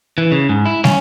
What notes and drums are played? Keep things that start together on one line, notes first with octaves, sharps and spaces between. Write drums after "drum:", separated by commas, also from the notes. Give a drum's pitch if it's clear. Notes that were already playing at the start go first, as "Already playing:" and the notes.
E3
C#3
G#2
E4
C#4, drum: snare